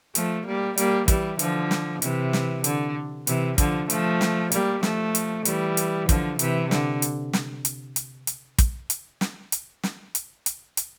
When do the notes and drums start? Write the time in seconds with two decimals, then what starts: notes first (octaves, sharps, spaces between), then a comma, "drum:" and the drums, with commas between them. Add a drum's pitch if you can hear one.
0.15 F3 A3, drum: hi-hat
0.46 G3 A#3
0.78 G3 A#3, drum: hi-hat
1.08 E3 G3, drum: kick, hi-hat
1.39 D3 F3, drum: hi-hat
1.71 drum: snare
2.02 C3 E3, drum: hi-hat
2.33 drum: snare
2.64 D3, drum: hi-hat
3.27 C3 E3, drum: hi-hat
3.58 D3 F3, drum: kick, hi-hat
3.90 F3 A3, drum: hi-hat
4.21 drum: snare
4.52 G3 A#3, drum: hi-hat
4.83 F3 A3, drum: snare
5.15 drum: hi-hat
5.45 E3 G3, drum: hi-hat
5.77 drum: hi-hat
6.09 D3 F3, drum: kick, hi-hat
6.39 C3 E3, drum: hi-hat
6.71 D3, drum: snare
7.02 drum: hi-hat
7.33 drum: snare
7.65 drum: hi-hat
7.96 drum: hi-hat
8.27 drum: hi-hat
8.58 drum: kick, hi-hat
8.90 drum: hi-hat
9.21 drum: snare
9.52 drum: hi-hat
9.83 drum: snare
10.15 drum: hi-hat
10.46 drum: hi-hat
10.77 drum: hi-hat